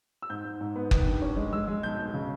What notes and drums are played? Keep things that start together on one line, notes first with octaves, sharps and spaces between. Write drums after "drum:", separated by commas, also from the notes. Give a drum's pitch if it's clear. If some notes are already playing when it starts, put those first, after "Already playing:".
E6
G#2 G6
G#2
G#2
B3
D#3, drum: kick F#1
G2
C#4
G#3
G#3 E6
G#3
B1 G6
B1
C#3